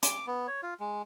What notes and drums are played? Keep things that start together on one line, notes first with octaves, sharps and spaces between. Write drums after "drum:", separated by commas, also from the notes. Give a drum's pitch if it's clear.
D6, drum: hi-hat
B3
C#5
F4
G#3